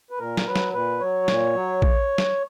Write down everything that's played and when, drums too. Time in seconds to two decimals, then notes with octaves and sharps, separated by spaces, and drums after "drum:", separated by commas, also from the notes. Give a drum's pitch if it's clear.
0.10 B4
0.19 A#2 A#4
0.37 drum: snare
0.47 F#3 B4
0.56 drum: snare
0.73 A#2 B4
1.00 F#3 C#5
1.28 A#2, drum: snare
1.55 F#3
1.82 drum: kick A#1
2.18 drum: snare